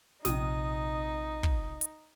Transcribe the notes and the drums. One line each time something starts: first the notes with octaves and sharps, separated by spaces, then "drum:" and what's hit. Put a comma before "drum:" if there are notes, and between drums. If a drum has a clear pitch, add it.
A#1 C3 D#4 D#6, drum: snare
drum: kick
drum: hi-hat